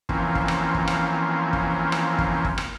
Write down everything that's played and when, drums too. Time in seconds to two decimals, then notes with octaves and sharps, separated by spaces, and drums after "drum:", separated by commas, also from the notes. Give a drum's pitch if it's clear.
0.09 E3 F3 A#3 C4 C#4, drum: kick
0.35 drum: kick
0.48 drum: rim click
0.74 drum: kick
0.88 drum: rim click
1.53 drum: kick
1.92 drum: rim click
2.18 drum: kick
2.45 drum: kick
2.58 drum: rim click